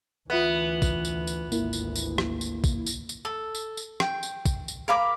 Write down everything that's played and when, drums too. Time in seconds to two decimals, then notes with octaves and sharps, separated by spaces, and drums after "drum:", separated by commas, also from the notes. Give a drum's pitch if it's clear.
0.30 D2 E3 B3 F4 E5 F#6
0.82 drum: kick, tambourine
1.05 drum: tambourine
1.27 drum: tambourine
1.52 G#1 D2 A#3 E4, drum: tambourine
1.73 drum: tambourine
1.96 drum: tambourine
2.18 drum: rim click
2.41 drum: tambourine
2.64 drum: kick, tambourine
2.86 drum: tambourine
3.09 drum: tambourine
3.25 A4
3.55 drum: tambourine
3.77 drum: tambourine
4.00 G5, drum: rim click
4.23 drum: tambourine
4.46 drum: kick, tambourine
4.68 drum: tambourine
4.88 A#4 F5 B5 D6